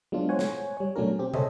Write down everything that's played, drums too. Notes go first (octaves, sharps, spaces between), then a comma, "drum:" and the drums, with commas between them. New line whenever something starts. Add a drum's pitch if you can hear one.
F#3 G#3 B3 D4 F4
C5 C#5 F#5 G#5
drum: snare
G3 C#5
B2 F#3 A3 C#4 D4 A#4
C4 G4
G#4 A4 C5 C#5 D#5 E5, drum: tom